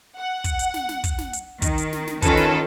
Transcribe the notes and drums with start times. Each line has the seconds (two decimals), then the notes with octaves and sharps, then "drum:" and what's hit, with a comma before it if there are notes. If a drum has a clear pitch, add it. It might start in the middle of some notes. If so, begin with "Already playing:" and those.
0.17 F#5
0.44 drum: kick, hi-hat
0.59 drum: hi-hat
0.74 drum: snare
0.89 drum: snare
1.04 drum: kick, hi-hat
1.18 drum: snare
1.33 drum: hi-hat
1.62 D#3, drum: kick, hi-hat
1.78 drum: hi-hat
1.93 drum: snare
2.07 drum: snare
2.22 D#3 C#4 F4 A4 B4, drum: kick, hi-hat
2.37 drum: snare